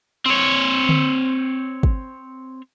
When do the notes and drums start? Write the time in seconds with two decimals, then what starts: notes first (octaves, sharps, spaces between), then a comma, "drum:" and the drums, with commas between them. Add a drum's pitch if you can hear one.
0.26 C4 C#5
0.89 drum: tom D3
1.83 drum: kick